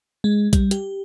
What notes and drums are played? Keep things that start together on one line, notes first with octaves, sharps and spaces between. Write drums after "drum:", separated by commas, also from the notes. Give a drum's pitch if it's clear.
G#3
G3, drum: kick, hi-hat
G4, drum: hi-hat